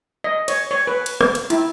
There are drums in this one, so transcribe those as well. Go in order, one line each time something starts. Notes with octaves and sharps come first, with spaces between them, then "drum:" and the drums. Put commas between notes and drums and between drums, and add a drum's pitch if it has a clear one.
D#5
C#5, drum: cymbal
C#5
B4
drum: cymbal
drum: rim click
drum: cymbal
E4, drum: cymbal